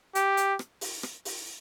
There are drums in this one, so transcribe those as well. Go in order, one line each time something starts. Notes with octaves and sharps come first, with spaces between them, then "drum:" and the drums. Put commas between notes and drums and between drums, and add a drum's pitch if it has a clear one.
G4, drum: hi-hat
drum: hi-hat
drum: rim click
drum: open hi-hat
drum: rim click
drum: open hi-hat